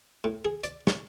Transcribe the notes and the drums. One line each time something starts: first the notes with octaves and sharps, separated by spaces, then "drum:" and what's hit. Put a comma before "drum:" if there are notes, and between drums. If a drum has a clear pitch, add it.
A2
G#4
D5, drum: hi-hat
C#5, drum: snare